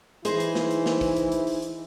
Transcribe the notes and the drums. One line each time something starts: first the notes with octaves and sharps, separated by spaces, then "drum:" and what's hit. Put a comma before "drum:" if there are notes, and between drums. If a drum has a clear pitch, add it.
E3 D#4 E4 G#4 C5, drum: hi-hat
drum: hi-hat
drum: snare
drum: hi-hat
drum: snare
drum: kick, open hi-hat
drum: hi-hat
drum: hi-hat
drum: open hi-hat
drum: hi-hat